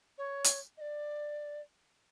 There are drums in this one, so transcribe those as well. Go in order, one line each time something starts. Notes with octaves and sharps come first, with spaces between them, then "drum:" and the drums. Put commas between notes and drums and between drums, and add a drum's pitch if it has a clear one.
C#5
drum: hi-hat
D#5
D5